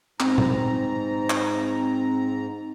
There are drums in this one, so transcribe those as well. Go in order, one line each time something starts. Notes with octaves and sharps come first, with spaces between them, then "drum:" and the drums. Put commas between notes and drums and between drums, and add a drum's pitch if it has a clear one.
G#2 C4 A#5, drum: clap
drum: tom A#2
drum: clap